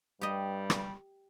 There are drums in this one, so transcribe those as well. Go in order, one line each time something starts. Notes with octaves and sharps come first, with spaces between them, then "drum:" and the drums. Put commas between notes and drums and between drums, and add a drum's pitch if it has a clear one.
G2 G3 G4 D#5
drum: rim click